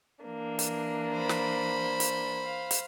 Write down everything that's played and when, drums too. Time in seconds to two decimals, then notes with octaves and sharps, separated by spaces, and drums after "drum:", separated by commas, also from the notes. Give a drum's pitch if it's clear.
0.23 E3 A#3 D4
0.59 drum: hi-hat
1.15 C5 B5
1.29 drum: snare
2.00 drum: hi-hat
2.44 F5
2.71 drum: hi-hat